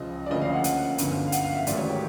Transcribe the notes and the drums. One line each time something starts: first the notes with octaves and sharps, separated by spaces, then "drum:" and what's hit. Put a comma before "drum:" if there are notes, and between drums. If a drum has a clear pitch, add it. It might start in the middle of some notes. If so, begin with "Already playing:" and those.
Already playing: C#2 C#3 F3 D#5
D5
D2 C#3 F3 A#3 C#4 D#5
F5
F#5
F#5, drum: hi-hat
G1 F#2 D3, drum: hi-hat
F5
F#5, drum: hi-hat
F5
E5
A1 G#2 D#3 F#3 A3 D5, drum: hi-hat
C#5
G4